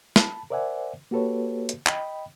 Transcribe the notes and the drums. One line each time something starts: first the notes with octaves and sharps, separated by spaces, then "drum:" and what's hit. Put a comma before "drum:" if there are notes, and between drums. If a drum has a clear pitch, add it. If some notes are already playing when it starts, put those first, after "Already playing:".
A5 B5, drum: snare
A#4 C5 D5 E5 F#5 G#5
A#3 F#4 G4 A4 B4 C#5
drum: hi-hat
D#5 G5 B5, drum: clap